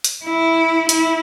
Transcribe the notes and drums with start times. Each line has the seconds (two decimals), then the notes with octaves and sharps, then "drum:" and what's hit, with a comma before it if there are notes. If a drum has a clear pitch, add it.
0.04 drum: hi-hat
0.24 E4
0.89 E4, drum: hi-hat